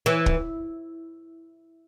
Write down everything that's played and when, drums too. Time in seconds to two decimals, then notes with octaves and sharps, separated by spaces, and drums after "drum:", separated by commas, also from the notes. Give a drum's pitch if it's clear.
0.06 E3
0.26 drum: kick